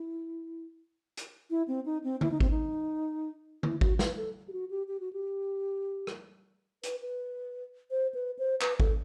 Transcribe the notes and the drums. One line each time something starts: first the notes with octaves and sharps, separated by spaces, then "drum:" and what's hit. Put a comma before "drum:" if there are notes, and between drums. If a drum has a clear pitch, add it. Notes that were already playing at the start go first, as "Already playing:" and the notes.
Already playing: E4
drum: hi-hat
E4
C4
D#4
C4
E4, drum: tom D3
D#4
C4, drum: kick
D#4
E4, drum: tom D3
F#4, drum: kick
B4, drum: snare
A4
G4
F#4
G4
G4
F#4
G4
drum: rim click
B4, drum: hi-hat
B4
C5
B4
C5
B4, drum: clap
A4, drum: kick